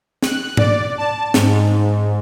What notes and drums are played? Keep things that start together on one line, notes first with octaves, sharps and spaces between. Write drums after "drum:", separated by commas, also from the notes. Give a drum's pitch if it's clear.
F#6, drum: snare
D5, drum: tom G#2
A5
G#2, drum: snare